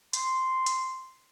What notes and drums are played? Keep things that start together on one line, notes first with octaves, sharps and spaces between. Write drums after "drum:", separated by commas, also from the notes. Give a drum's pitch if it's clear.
C6, drum: hi-hat
drum: hi-hat